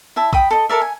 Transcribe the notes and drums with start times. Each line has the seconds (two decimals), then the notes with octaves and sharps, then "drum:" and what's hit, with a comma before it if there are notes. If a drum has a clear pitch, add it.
0.16 E4 E5 A5
0.33 G5 B5 D#6, drum: kick
0.51 A4 D#5
0.69 A4 A#4 D5 E5
0.82 G#5